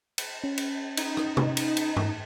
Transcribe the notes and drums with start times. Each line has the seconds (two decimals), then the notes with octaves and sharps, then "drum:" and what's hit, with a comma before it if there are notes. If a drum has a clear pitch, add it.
0.18 drum: cymbal
0.44 C#4
0.58 drum: cymbal
0.97 D#4, drum: cymbal
1.17 drum: rim click
1.37 drum: tom C3
1.57 drum: cymbal
1.77 drum: cymbal
1.96 drum: tom G2